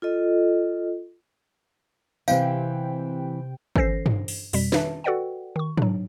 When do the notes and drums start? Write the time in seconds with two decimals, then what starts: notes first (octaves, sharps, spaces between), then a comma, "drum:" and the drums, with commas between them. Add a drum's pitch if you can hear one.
0.02 F4 A4 D#5
2.28 C3 E3 C4 F5 G5, drum: tambourine
3.76 E3 C#4 A4 C5 A#6 C7, drum: kick
4.06 drum: tom G2
4.28 drum: open hi-hat
4.53 F2 B2 G3 B6, drum: open hi-hat
4.72 D#3 B4 E5 A5, drum: snare
5.04 F#4 A4 B4 D5 F#5 G5
5.56 D#3 C#6
5.78 F#3 D4, drum: tom G#2